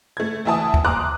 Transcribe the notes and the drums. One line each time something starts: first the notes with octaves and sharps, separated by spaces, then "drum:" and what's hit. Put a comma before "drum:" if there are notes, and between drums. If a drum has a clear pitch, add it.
A3 G#6
D2 E3 E5 G#5 A5 D#6
drum: kick
A#5 C6 D6 D#6 F6 F#6